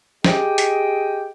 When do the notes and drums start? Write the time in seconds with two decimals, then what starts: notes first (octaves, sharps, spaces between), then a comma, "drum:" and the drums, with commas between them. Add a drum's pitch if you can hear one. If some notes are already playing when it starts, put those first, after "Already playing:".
0.24 G4 G#4 D#5 G5, drum: snare
0.58 drum: hi-hat